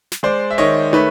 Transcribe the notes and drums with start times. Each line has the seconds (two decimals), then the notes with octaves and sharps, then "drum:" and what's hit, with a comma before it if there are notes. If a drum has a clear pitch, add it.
0.12 drum: snare
0.23 G#3 C5 D5
0.51 E5
0.58 D#3 C#5 D#5
0.93 A3 B4 C#5, drum: tom